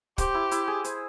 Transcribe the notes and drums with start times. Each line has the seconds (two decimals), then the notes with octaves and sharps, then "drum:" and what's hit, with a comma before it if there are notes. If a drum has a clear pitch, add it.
0.18 G4 C5, drum: kick, hi-hat
0.35 E4
0.51 E4, drum: hi-hat
0.67 G#4
0.84 C5, drum: hi-hat